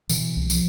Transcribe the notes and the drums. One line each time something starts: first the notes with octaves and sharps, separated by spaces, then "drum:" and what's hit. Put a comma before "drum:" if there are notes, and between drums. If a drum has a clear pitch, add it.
B2 E3, drum: tambourine
C2
F3, drum: tambourine